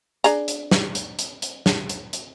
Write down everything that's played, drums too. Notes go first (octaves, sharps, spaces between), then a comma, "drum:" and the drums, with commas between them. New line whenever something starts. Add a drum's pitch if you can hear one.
D4 G#4 A#5, drum: hi-hat
drum: hi-hat
drum: snare
drum: hi-hat
drum: hi-hat
drum: hi-hat
drum: snare
drum: hi-hat
drum: hi-hat